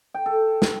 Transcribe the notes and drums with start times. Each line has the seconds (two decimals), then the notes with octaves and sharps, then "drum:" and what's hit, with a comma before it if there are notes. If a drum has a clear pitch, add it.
0.14 G5
0.26 A4
0.62 drum: snare